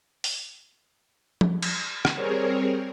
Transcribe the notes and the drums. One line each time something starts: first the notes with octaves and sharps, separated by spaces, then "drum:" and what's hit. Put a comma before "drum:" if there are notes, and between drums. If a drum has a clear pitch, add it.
drum: open hi-hat
drum: tom F3
drum: cymbal
drum: rim click
G3 C4 G#4 A#4 C#5